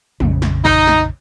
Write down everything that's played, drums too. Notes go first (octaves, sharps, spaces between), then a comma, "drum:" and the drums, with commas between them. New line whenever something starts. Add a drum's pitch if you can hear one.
A#1 F2 C#3, drum: tom
drum: snare
D#4, drum: kick A1
drum: snare